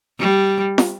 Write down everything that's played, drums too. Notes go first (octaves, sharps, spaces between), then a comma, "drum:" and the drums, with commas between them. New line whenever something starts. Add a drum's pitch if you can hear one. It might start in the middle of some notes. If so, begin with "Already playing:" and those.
G3
drum: snare